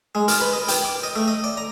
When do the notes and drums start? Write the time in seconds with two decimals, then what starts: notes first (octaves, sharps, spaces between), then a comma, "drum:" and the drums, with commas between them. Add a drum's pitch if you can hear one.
0.15 G#3
0.28 A#4, drum: hi-hat
0.40 B4
0.53 D#5
0.68 G5, drum: hi-hat
0.85 D6
1.03 D#5
1.16 A3
1.28 D#5
1.44 D5
1.57 A#5